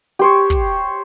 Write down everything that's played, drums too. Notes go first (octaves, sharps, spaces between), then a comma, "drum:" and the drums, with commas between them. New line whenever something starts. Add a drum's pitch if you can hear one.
G4 C5 C#5
drum: kick